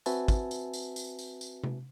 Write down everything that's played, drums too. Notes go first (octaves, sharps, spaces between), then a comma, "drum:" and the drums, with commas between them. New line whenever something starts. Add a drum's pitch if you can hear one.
C4 F#4 B4 E5 G#5 A5, drum: tambourine
drum: kick, tambourine
drum: tambourine
drum: tambourine
drum: tambourine
drum: tambourine
drum: tambourine
drum: tom C3